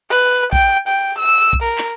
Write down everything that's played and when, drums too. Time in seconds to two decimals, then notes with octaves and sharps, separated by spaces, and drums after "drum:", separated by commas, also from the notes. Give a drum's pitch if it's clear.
0.10 B4
0.53 G5, drum: kick
0.88 G5
1.18 E6
1.53 drum: kick
1.63 A#4
1.78 drum: clap